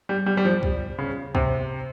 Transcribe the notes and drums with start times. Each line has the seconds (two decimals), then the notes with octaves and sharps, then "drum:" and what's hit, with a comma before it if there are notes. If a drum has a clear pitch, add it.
0.09 G3
0.26 G3
0.37 G3
0.45 F3
0.63 drum: kick
0.98 C#3
1.35 C3, drum: kick